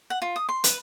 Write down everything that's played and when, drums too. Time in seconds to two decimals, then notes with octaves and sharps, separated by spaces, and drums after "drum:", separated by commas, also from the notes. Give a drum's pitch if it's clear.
0.10 F#5
0.22 F4
0.36 D#6
0.49 C6
0.64 B4, drum: hi-hat